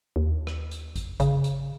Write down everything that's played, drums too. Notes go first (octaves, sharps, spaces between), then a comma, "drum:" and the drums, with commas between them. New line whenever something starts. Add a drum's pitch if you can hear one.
D#2
drum: rim click
drum: hi-hat
drum: kick A1, hi-hat
C#3, drum: kick A1, hi-hat
drum: hi-hat